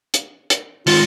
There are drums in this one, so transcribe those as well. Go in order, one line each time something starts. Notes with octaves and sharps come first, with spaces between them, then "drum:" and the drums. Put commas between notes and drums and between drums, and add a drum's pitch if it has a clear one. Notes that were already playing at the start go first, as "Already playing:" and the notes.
drum: hi-hat
drum: hi-hat
D#3 G#3 F4, drum: open hi-hat